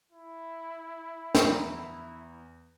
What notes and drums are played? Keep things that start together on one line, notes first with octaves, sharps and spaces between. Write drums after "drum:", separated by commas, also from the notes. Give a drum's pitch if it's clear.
E4
drum: snare
E2 A#5